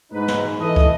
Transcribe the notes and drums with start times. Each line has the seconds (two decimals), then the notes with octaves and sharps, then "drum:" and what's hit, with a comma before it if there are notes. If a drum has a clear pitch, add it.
0.12 G#2 D#4 B4
0.28 drum: snare
0.60 E3 A4 D#5
0.76 drum: kick